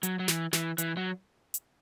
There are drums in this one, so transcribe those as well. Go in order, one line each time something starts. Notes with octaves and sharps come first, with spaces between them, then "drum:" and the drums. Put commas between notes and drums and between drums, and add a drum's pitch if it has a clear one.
F#3, drum: hi-hat
F#3
E3, drum: snare
E3, drum: snare
E3, drum: hi-hat
F#3
drum: hi-hat